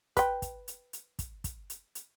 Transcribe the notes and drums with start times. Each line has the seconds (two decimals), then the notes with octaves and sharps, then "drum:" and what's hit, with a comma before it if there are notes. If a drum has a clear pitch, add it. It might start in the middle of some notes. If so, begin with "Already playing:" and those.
0.17 B4 G5, drum: kick, hi-hat
0.42 drum: kick, hi-hat
0.68 drum: hi-hat
0.93 drum: hi-hat
1.19 drum: kick, hi-hat
1.44 drum: kick, hi-hat
1.70 drum: hi-hat
1.95 drum: hi-hat